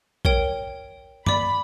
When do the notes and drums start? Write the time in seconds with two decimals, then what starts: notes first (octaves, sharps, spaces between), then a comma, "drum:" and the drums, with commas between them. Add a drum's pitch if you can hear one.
0.25 A#4 C#5 G5, drum: kick
1.26 D5 B5 D6, drum: tom G2